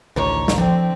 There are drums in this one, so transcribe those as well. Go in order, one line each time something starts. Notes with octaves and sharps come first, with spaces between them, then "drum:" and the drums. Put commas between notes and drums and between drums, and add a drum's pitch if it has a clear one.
A1 D2 D3 D#3 C#5 A#5
drum: snare
D3 F3 C4